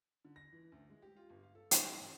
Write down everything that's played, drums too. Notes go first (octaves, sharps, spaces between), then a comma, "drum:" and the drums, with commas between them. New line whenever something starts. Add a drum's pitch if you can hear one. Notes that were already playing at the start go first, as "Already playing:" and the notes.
D3
A#6
E3
D2
G#3
G4
F4
G1
F5
A4
C#6, drum: hi-hat
A1